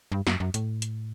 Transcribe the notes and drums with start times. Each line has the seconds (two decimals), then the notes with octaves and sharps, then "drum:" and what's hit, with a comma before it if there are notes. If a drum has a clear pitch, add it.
0.12 G2
0.27 F#2, drum: snare
0.40 F#2
0.54 A2, drum: hi-hat
0.82 drum: hi-hat